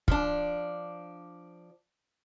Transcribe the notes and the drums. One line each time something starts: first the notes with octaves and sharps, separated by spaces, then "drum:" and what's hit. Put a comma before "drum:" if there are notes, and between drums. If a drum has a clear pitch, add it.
F3 D4, drum: kick